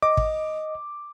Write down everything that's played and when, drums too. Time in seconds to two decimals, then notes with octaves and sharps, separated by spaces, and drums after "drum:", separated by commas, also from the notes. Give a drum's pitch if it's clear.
0.02 D#5 D6
0.17 drum: kick